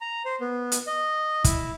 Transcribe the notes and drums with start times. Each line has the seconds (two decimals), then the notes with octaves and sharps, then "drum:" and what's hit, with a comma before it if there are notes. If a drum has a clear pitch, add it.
0.01 A#5
0.25 C5
0.41 B3
0.72 drum: hi-hat
0.87 D#5
1.44 E4, drum: kick, hi-hat